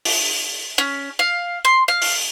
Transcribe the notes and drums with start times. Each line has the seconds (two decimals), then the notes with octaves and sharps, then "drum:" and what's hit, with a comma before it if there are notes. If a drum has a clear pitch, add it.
0.05 drum: open hi-hat
0.78 C#4
1.19 F5
1.65 C6
1.88 F5
2.02 drum: open hi-hat